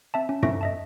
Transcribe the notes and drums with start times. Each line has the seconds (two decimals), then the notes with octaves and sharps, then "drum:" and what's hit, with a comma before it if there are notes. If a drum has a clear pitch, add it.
0.14 C4 E5 A5
0.29 C#4
0.43 C#4 D#4 E5 C#6 A#6 D7, drum: tom
0.61 D#5 E5 A5